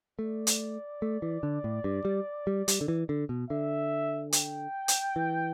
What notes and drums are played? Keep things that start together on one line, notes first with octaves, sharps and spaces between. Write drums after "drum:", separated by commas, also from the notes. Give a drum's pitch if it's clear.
A3 D5
drum: hi-hat
A3
E3
D3
A2
G2
G3
G3
G3, drum: hi-hat
D3
E3
D3
B2
D3 E5
G5, drum: hi-hat
drum: hi-hat
E3